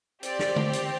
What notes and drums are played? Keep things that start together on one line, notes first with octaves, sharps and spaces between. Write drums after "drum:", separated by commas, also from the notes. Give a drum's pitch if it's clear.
C4 G4 D5, drum: hi-hat
drum: snare
drum: tom D3
drum: hi-hat